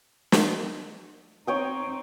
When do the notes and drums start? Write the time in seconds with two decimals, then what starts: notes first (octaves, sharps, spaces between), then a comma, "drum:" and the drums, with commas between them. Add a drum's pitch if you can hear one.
0.32 drum: snare
1.47 C4 D#4 C#5 G5 D#6